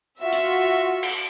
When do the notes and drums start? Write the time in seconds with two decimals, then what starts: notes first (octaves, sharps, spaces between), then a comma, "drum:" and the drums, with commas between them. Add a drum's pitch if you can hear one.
0.20 F4 F#4 E5
0.33 drum: hi-hat
1.03 drum: cymbal